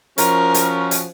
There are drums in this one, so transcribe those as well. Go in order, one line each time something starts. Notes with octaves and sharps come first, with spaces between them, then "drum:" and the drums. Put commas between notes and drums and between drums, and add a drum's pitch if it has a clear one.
F3 C#4 F#4 A#4, drum: hi-hat
drum: hi-hat
drum: hi-hat